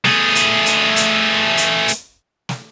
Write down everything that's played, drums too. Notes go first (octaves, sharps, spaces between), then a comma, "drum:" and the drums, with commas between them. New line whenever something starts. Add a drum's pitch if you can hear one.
A3 G#4, drum: snare
drum: hi-hat
drum: hi-hat
drum: hi-hat
drum: hi-hat
drum: hi-hat
drum: snare